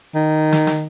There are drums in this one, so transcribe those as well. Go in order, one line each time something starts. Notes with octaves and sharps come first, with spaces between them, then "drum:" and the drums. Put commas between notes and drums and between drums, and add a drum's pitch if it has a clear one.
D#3
drum: snare
drum: snare